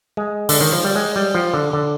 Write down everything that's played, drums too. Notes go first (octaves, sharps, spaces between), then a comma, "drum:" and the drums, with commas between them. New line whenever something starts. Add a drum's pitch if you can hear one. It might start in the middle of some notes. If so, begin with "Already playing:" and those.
G#3
D3, drum: open hi-hat
D#3
F3
G3
G#3
G3
F3
D3
D3